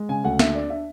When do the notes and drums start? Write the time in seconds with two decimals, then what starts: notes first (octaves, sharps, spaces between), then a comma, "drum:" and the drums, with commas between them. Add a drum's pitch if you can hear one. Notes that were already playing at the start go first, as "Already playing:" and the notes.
Already playing: G#3
0.09 C#3 G#5
0.24 D2 F#5
0.39 D4 E5, drum: snare
0.54 D4 D5
0.70 D4 E5